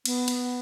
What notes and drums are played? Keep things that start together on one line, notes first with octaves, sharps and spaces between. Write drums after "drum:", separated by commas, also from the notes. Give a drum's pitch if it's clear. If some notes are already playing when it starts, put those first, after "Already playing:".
B3, drum: cymbal
drum: cymbal